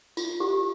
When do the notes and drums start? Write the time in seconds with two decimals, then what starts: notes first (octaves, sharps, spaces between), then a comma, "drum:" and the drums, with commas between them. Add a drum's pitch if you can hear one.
0.17 F4, drum: tambourine
0.40 G4